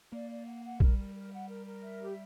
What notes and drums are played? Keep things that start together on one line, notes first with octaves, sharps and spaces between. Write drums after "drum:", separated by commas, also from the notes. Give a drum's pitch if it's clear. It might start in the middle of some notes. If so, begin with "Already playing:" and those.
A#3 D5
D5
F#5
F#5
G3 A#4, drum: kick A#1
A#4
A#4
F#5
A#4
A#4
E5
G4